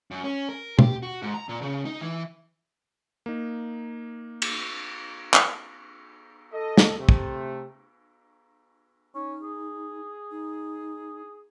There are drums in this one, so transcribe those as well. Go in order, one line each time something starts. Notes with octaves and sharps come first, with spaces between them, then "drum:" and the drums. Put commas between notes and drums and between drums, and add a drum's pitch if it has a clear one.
F#2
C#4
A#4
G4, drum: tom B2
F#4
G#2
A#5
A#2
C#3
D#4
E3
A#3 D#4
drum: cymbal
drum: clap
A4 D#5
drum: snare
C3 A3
drum: kick
C#4 D#4
G#4
D#4